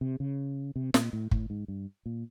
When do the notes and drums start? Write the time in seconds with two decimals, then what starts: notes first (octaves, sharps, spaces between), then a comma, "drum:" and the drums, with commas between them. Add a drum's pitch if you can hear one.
0.01 C3
0.20 C#3
0.76 C3
0.94 A#2, drum: snare
1.13 A2
1.31 A2, drum: kick
1.50 G#2
1.68 G2
2.06 A#2